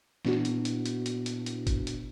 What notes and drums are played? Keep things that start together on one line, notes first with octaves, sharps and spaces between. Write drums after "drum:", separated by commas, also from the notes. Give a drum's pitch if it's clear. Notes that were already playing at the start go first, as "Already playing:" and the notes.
A#2 B3 D4 E4 F#4, drum: snare
drum: hi-hat
drum: hi-hat
drum: hi-hat
drum: hi-hat
drum: hi-hat
drum: hi-hat
drum: kick, hi-hat
drum: hi-hat